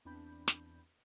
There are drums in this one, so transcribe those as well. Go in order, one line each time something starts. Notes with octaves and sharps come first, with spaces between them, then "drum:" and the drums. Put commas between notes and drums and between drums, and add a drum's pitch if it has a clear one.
E2 C4 D4 B5 G6
drum: snare